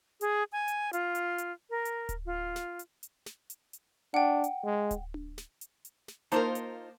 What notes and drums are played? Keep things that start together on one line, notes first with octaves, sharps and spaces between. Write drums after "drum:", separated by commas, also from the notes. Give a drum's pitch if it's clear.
G#4, drum: hi-hat
G#5
drum: hi-hat
F4, drum: hi-hat
drum: hi-hat
drum: hi-hat
A#4
drum: hi-hat
drum: kick D1, hi-hat
F4
drum: snare
drum: hi-hat
drum: hi-hat
drum: snare
drum: hi-hat
drum: hi-hat
D4 F#5 G5
drum: hi-hat
G#3
drum: kick D1, hi-hat
drum: tom D4
drum: snare
drum: hi-hat
drum: hi-hat
drum: snare
A#3 D#4 F4 A#4 C5 A5, drum: hi-hat
drum: hi-hat